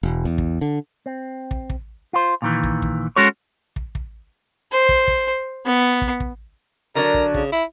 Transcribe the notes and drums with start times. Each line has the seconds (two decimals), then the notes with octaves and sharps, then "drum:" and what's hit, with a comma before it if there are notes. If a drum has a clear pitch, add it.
0.03 E1
0.25 E2
0.38 drum: kick
0.61 D3
1.06 C4
1.51 drum: kick
1.70 drum: kick
2.13 F4 C5
2.42 A#2 D#3 E3
2.63 drum: kick
2.82 drum: kick
3.16 G#3 C#4 F#4 A4 C#5
3.76 drum: kick
3.95 drum: kick
4.72 C5
4.89 drum: kick
5.08 drum: kick
5.65 B3
6.02 drum: kick
6.20 drum: kick
6.95 D3 F#3 D4 A#4
7.14 drum: kick
7.34 C#3, drum: kick
7.52 E4